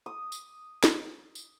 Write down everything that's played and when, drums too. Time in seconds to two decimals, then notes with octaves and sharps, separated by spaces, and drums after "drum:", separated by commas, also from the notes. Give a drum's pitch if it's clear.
0.06 D#6
0.32 drum: tambourine
0.84 drum: snare
1.35 drum: tambourine